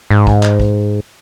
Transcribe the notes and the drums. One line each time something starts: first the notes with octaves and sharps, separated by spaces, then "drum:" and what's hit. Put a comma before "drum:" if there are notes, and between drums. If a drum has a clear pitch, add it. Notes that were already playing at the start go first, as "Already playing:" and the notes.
G#2
drum: kick
drum: clap
drum: kick